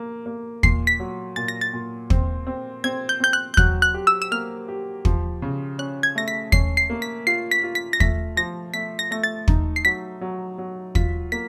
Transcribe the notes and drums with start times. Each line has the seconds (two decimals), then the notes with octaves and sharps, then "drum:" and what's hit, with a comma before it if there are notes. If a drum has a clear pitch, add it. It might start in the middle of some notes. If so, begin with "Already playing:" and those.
Already playing: A#3
0.26 A#3
0.63 A#2 C7, drum: kick
0.87 B6
0.99 F#3
1.36 A#2 A6
1.48 A#6
1.61 A6
1.73 A#2
2.10 C4, drum: kick
2.47 C4
2.84 C4 G#6
3.09 G6
3.20 C4 G6
3.33 F#6
3.54 G6
3.57 F#3 F#6, drum: kick
3.82 F#6
3.94 G4
4.07 E6
4.22 E6
4.31 A#3 F6
4.68 G4
5.05 F3, drum: kick
5.42 C#3
5.79 C#4 F#6
6.03 G#6
6.16 A3 A#6
6.28 B6
6.52 C#4 C7, drum: kick
6.77 C7
6.90 A#3
7.02 B6
7.27 F4 C7
7.51 B6
7.64 F4
7.75 B6
7.93 A#6
8.00 A3 B6, drum: kick
8.36 F3 A#6
8.74 A3 B6
8.99 A#6
9.11 A3 A#6
9.24 A6
9.48 D#4, drum: kick
9.76 C7
9.85 F#3 B6
10.21 F#3
10.58 F#3
10.95 F4 B6, drum: kick
11.32 A#3 B6